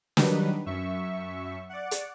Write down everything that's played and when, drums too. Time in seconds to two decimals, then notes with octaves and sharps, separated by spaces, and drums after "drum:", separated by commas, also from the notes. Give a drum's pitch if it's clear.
0.17 D#3 F#3 G3 D4 D#4 B4, drum: snare
0.66 F#2 E5 C#6
1.69 D5 F#5
1.91 drum: hi-hat